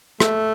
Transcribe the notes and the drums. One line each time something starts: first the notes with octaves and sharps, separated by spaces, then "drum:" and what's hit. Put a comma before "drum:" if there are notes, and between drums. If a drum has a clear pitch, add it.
A3, drum: rim click